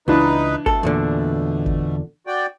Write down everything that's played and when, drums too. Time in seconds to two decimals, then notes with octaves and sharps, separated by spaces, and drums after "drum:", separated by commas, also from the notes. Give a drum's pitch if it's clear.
0.08 C#2 E3 D4 D#4 B4
0.66 B2 A3 A4, drum: kick
0.83 E2 A#2 D3
1.66 drum: kick
2.27 F#4 D5 G5